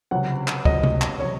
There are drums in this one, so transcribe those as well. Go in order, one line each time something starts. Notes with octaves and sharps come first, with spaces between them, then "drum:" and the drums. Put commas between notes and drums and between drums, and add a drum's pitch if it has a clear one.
C#2 C3 F#3 F#5
drum: clap
C#2 C3 F#3 D#5, drum: kick
drum: tom C3
drum: clap
C3 F#3 C#5